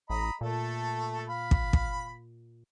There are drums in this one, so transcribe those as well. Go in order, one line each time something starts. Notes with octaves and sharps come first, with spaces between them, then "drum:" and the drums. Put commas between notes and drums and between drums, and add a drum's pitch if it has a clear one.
A1 D#5 A#5 B5
A#2 A3 A4
F5 B5
drum: kick
drum: kick